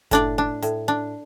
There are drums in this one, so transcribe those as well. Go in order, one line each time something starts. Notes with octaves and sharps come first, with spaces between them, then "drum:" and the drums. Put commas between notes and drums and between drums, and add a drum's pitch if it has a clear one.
A2 D4 D5, drum: kick F#1, hi-hat
D4
A2, drum: hi-hat
D4